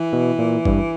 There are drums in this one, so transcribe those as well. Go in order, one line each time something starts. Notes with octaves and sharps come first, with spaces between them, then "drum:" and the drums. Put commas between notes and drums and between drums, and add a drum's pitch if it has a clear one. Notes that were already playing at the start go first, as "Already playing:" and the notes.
Already playing: E3
B2
A#2
G2, drum: kick G#1